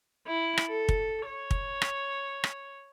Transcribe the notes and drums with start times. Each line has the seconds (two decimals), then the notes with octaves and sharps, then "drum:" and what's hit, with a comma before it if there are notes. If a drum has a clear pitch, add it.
0.27 E4
0.58 drum: rim click
0.68 A4
0.89 drum: kick
1.26 C#5
1.51 drum: kick
1.82 drum: rim click
2.44 drum: rim click